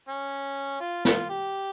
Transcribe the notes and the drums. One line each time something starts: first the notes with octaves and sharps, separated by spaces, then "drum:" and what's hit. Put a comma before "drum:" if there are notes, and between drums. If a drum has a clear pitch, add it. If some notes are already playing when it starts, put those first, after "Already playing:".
C#4
F4
F4, drum: snare
G4